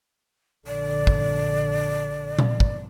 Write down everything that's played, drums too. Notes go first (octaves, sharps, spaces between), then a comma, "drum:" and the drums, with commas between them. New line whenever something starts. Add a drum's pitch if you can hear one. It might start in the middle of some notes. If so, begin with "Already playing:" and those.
A#1 D3 D5
drum: kick
drum: tom A#2
drum: kick